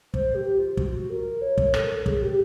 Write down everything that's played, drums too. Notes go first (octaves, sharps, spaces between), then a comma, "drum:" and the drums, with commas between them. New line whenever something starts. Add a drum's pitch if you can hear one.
C5, drum: kick
G4
F4
F#4, drum: kick
A#4
C#5
drum: kick
A4, drum: rim click
A#4
A4
G#4, drum: kick
G4